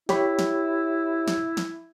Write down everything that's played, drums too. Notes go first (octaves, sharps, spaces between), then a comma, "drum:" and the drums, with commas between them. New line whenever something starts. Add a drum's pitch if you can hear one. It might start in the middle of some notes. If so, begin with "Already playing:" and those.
E4 G4 C#5 B5, drum: snare
drum: snare
drum: snare
drum: snare